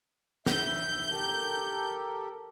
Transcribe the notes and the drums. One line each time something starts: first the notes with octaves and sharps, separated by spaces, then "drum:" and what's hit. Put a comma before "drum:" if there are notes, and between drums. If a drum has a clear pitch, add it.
E5 G6, drum: snare
G4 A4 A#4